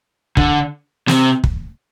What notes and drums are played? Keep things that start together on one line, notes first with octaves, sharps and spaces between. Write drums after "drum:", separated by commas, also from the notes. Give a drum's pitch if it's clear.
D3, drum: kick
C3, drum: snare
drum: kick